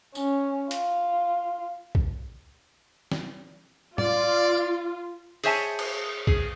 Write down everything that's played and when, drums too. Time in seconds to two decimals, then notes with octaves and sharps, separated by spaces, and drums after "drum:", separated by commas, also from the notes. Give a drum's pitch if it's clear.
0.15 C#4, drum: tambourine
0.71 F4, drum: hi-hat
1.95 drum: kick
3.12 drum: snare
3.98 F4 D5, drum: tom
5.44 G#4 C5 C#5 E5 G#5 A5, drum: open hi-hat
5.79 drum: cymbal
6.27 G#4, drum: kick